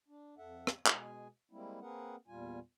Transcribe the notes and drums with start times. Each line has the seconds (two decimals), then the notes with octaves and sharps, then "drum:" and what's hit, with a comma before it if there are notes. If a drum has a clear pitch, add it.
0.08 D4
0.38 F2 A4 E5 F#5
0.67 drum: rim click
0.86 B2 G#3 G#4 G#5, drum: clap
1.51 G3 G#3 A#3 C4 E4
1.81 A#3 C4 G#4 A#4 B4 F#5
2.28 E2 A#2 G3 F4 G#5